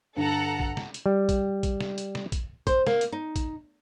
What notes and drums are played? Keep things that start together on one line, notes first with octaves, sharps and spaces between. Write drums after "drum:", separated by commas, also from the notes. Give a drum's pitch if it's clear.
G2 D3 A4 F#5 A#5
drum: kick
drum: snare
drum: hi-hat
G3
drum: kick, hi-hat
drum: kick, hi-hat
drum: snare
drum: hi-hat
drum: snare
drum: kick, hi-hat
C5, drum: kick, hi-hat
A#3, drum: snare
drum: hi-hat
D#4
drum: kick, hi-hat